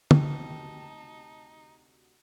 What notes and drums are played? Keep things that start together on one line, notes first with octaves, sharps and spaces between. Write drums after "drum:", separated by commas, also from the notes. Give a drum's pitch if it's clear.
D2 C3 D#4 F#4 G4 A5, drum: tom